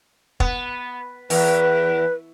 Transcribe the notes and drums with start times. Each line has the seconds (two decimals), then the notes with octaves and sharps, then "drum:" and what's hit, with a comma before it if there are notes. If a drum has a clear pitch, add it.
0.40 B3, drum: kick
1.30 E2 B4, drum: open hi-hat